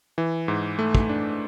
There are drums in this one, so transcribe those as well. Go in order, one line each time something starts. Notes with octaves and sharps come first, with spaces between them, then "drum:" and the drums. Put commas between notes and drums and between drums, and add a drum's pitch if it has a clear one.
E3
G#2
A3
drum: kick
D4